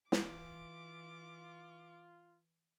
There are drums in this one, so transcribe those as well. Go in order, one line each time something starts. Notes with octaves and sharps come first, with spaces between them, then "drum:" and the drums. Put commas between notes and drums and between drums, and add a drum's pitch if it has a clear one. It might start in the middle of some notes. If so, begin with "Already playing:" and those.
E3 F4 D6, drum: snare